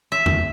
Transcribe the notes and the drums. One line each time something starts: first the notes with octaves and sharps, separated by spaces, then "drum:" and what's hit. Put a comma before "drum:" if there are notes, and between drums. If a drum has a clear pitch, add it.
E5
drum: tom E2